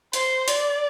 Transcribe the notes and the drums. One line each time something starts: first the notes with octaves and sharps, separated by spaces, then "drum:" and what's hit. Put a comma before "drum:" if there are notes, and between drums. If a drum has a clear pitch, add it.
C5, drum: hi-hat
D5, drum: hi-hat